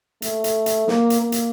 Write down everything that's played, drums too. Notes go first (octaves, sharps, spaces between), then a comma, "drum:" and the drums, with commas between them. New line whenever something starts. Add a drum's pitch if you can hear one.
A3, drum: hi-hat
drum: hi-hat
drum: hi-hat
A#3, drum: snare
drum: hi-hat
A#3
drum: hi-hat